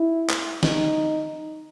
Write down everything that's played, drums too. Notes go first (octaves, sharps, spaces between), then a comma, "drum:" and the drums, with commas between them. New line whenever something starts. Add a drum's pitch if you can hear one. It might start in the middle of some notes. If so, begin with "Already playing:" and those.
Already playing: E4
drum: clap
D#4, drum: snare